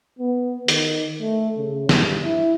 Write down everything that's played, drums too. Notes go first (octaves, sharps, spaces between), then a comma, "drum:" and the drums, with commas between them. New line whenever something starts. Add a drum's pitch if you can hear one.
B3
D#3, drum: hi-hat
A3
C#3
G2, drum: snare
E4